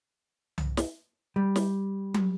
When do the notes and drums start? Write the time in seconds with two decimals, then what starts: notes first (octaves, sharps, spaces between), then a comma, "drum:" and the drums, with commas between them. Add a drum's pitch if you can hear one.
0.58 drum: tom C2
0.77 drum: snare
1.36 G3
1.56 drum: snare
2.14 drum: tom F#3